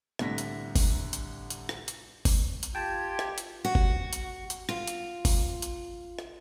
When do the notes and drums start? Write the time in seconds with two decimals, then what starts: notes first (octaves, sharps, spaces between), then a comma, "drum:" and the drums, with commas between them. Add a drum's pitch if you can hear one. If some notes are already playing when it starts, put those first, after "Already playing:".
0.19 C2 A2 D3 A#6 B6, drum: rim click
0.38 drum: hi-hat
0.76 drum: kick G1, open hi-hat
1.13 drum: hi-hat
1.50 drum: hi-hat
1.69 drum: rim click
1.88 drum: hi-hat
2.25 drum: kick G1, open hi-hat
2.63 drum: hi-hat
2.75 F4 G4 G5 A5 G#6
3.19 drum: rim click
3.38 drum: hi-hat
3.65 F#4
3.75 drum: kick G1
4.13 drum: hi-hat
4.50 drum: hi-hat
4.69 F4, drum: rim click
4.87 drum: hi-hat
5.25 drum: kick G1, open hi-hat
5.62 drum: hi-hat
6.19 drum: rim click